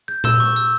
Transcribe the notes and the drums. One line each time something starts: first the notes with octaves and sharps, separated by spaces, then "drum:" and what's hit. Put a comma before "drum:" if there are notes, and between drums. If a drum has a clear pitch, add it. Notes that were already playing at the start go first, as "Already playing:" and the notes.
G6
E6 E7 G7, drum: tom A#2
C#6
E6